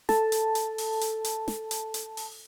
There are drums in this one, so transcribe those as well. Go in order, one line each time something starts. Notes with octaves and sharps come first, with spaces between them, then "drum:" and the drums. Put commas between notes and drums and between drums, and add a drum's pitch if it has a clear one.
A4 A5, drum: snare
drum: hi-hat
drum: hi-hat
drum: open hi-hat
drum: hi-hat
drum: hi-hat
drum: snare
drum: hi-hat
drum: hi-hat
drum: open hi-hat